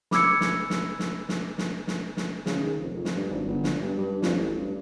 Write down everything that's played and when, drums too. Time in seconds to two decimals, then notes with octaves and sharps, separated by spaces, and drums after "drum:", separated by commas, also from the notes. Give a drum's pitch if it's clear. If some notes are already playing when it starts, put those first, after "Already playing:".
0.11 B5 D6 E6 G#6 C#7, drum: snare
0.41 drum: snare
0.70 drum: snare
0.99 drum: snare
1.29 drum: snare
1.58 drum: snare
1.87 drum: snare
2.17 drum: snare
2.46 C#3, drum: snare
2.60 D#3
2.81 F1
2.96 F2
3.05 drum: snare
3.14 G2
3.29 G#1
3.47 G1
3.64 drum: snare
3.82 G2
3.98 G2
4.22 F2, drum: snare
4.35 A1
4.59 G2